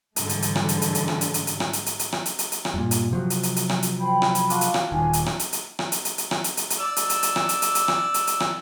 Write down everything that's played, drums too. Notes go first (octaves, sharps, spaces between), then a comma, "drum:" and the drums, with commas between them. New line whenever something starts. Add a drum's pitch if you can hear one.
G#2 D3 E3 G3 A3, drum: hi-hat
drum: hi-hat
drum: hi-hat
drum: rim click
drum: hi-hat
drum: hi-hat
drum: hi-hat
drum: rim click
drum: hi-hat
drum: hi-hat
drum: hi-hat
drum: rim click
drum: hi-hat
drum: hi-hat
drum: hi-hat
drum: rim click
drum: hi-hat
drum: hi-hat
drum: hi-hat
drum: rim click
G2 A#2
drum: hi-hat
C3 F3 F#3
drum: hi-hat
drum: hi-hat
drum: hi-hat
drum: rim click
drum: hi-hat
C5 G5 B5
drum: rim click
drum: hi-hat
D4 F4 F#4, drum: hi-hat
drum: hi-hat
drum: rim click
D#1 D#3 G#5
drum: hi-hat
drum: rim click
drum: hi-hat
drum: hi-hat
drum: rim click
drum: hi-hat
drum: hi-hat
drum: hi-hat
drum: rim click
drum: hi-hat
drum: hi-hat
drum: hi-hat
D5 E6
drum: hi-hat
drum: hi-hat
drum: hi-hat
drum: rim click
drum: hi-hat
drum: hi-hat
drum: hi-hat
drum: rim click
drum: hi-hat
drum: hi-hat
drum: rim click